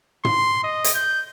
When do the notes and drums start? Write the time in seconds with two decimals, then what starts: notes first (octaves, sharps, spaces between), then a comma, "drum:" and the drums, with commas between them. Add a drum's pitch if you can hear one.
0.25 C6, drum: tom
0.64 D#5
0.84 drum: hi-hat
0.94 G6